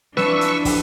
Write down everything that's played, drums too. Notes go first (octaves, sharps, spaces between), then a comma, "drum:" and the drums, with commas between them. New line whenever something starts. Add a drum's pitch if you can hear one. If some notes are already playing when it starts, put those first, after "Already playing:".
E3 F3 D4 B4 C#6 E6, drum: snare C4
drum: hi-hat
drum: kick, open hi-hat